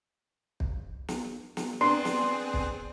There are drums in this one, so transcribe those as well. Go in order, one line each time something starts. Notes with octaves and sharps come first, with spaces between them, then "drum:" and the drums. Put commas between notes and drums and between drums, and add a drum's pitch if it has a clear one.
drum: kick
drum: snare
drum: snare
B3 C4 D4 G#4 C6
drum: snare
drum: kick